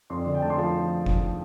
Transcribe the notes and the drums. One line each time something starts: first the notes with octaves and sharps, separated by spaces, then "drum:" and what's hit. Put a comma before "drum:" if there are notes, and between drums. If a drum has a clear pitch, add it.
F2 C6
D5
D3
G5
A3 A5
C6
F3 A5
drum: kick F1